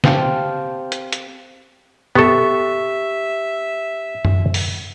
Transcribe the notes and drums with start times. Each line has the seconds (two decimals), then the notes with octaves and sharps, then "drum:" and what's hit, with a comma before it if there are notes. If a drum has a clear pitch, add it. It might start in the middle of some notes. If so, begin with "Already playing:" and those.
0.04 C4 G4 C5 F5 G5 A5, drum: snare
0.92 drum: hi-hat
1.13 drum: hi-hat
2.15 B3 G4 A4 E5 C#6
4.25 drum: tom F#2
4.54 drum: open hi-hat